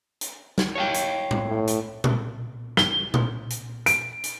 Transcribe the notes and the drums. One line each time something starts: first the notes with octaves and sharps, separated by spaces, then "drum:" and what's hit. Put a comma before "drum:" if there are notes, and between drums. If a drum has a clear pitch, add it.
drum: hi-hat
drum: snare
C#5 F5 G5
drum: hi-hat
drum: tom A2
A2
drum: hi-hat
drum: tom A#2
G7, drum: snare
drum: tom A#2
drum: hi-hat
D7, drum: hi-hat
drum: hi-hat